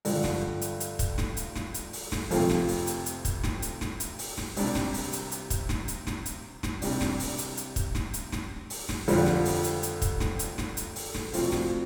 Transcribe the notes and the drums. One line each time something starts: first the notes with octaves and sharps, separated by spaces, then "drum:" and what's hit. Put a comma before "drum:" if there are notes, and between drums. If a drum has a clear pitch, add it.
G2 D3 F3, drum: open hi-hat
drum: snare
drum: hi-hat
drum: hi-hat
drum: kick, hi-hat
drum: snare
drum: hi-hat
drum: snare
drum: hi-hat
drum: open hi-hat
drum: snare
F2 C3 A3 F4, drum: open hi-hat
drum: snare
drum: open hi-hat
drum: hi-hat
drum: hi-hat
drum: kick, hi-hat
drum: snare
drum: hi-hat
drum: snare
drum: hi-hat
drum: open hi-hat
drum: snare
C2 C3 G3 D4, drum: open hi-hat
drum: snare
drum: open hi-hat
drum: hi-hat
drum: hi-hat
drum: kick, hi-hat
drum: snare
drum: hi-hat
drum: snare
drum: hi-hat
drum: snare
C2 C3 G3 D4, drum: open hi-hat
drum: snare
drum: open hi-hat
drum: hi-hat
drum: hi-hat
drum: kick, hi-hat
drum: snare
drum: hi-hat
drum: snare
drum: open hi-hat
drum: snare
F2 D3 G3 F4, drum: open hi-hat
drum: snare
drum: open hi-hat
drum: hi-hat
drum: hi-hat
drum: kick, hi-hat
drum: snare
drum: hi-hat
drum: snare
drum: hi-hat
drum: open hi-hat
drum: snare
D2 C3 F3 C4 F4, drum: open hi-hat
drum: snare